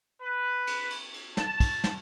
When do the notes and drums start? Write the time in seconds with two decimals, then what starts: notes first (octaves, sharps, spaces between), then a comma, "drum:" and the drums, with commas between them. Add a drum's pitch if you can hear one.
0.21 B4
0.67 drum: cymbal
0.90 drum: cymbal
1.14 drum: cymbal
1.37 A5, drum: snare
1.60 drum: kick, cymbal
1.84 drum: snare